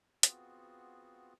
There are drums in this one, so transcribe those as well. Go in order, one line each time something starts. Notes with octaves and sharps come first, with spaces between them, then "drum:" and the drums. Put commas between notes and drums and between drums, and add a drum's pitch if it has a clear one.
B3 C4 F4 F#4 G#4, drum: hi-hat